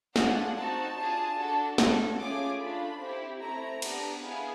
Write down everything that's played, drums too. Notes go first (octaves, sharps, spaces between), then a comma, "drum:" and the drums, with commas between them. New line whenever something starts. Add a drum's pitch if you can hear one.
D4 F4 G#4 F#5, drum: snare
C4 D#4 F#4 A5
D4 F4 G#4
D4 F#4 A4
C#4 F#4 A4, drum: snare
A3 C#4 F4 G#4 D6
A3 D4 F4 B5
C4 E4 G4
A3 C4 E4 A4 A#5
B3 D4 G4, drum: cymbal
B3 E4 G#4 F5